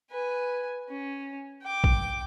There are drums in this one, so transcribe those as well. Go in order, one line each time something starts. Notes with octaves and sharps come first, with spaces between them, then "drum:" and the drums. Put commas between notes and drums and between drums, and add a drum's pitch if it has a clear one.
B4 G#5
C#4
G5 D6
drum: kick A#1